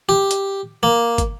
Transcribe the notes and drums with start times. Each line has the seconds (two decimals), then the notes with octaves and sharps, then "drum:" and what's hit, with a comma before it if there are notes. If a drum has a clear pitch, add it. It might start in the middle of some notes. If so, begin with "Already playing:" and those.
0.09 G4
0.31 drum: hi-hat
0.83 A#3
1.18 drum: kick, hi-hat